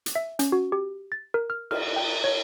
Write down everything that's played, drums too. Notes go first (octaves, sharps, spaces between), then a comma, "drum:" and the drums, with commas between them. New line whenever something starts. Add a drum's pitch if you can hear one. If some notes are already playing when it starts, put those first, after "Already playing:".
drum: hi-hat
E5
C#4, drum: hi-hat
F#4
G4
A6
A#4
F6
F6, drum: cymbal
G5
C#5